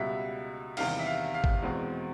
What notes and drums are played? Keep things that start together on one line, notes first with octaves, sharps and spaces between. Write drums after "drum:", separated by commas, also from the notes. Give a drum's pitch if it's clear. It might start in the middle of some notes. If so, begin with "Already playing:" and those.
Already playing: C#2 B2 G3 E5
E2 C3 D#3 G3 F5, drum: cymbal
E5
F5
F5
drum: kick
E2 B2 G#3 C4